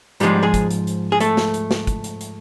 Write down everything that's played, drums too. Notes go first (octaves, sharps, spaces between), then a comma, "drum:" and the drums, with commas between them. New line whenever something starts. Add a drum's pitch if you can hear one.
G#2 F3 G3 G#3 G4, drum: hi-hat
G#3 G#4
drum: kick, hi-hat
drum: hi-hat
drum: hi-hat
G#4
A3 A4, drum: hi-hat
drum: snare
drum: hi-hat
drum: snare
drum: kick, hi-hat
drum: hi-hat
drum: hi-hat